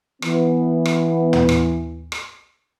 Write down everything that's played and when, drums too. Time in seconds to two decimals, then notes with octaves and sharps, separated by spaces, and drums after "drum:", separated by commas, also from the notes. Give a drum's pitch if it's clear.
0.22 E3 B3, drum: rim click
0.85 drum: rim click
1.33 drum: tom
1.49 drum: rim click
2.12 drum: rim click